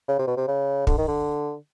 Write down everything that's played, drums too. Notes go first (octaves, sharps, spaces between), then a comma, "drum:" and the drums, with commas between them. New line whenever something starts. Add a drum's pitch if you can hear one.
C#3
C3
B2
C3
C#3
D3, drum: kick
D#3
D3